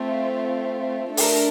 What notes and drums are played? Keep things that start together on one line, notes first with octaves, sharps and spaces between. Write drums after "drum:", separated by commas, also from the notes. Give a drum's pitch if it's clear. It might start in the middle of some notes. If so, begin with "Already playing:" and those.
Already playing: A3 C4 F4
A3 D4 A4 A#4, drum: open hi-hat